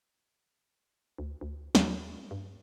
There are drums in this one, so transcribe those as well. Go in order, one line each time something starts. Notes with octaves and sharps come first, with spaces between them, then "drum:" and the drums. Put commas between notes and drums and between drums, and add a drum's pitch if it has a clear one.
D2
D2
D#2, drum: snare
G2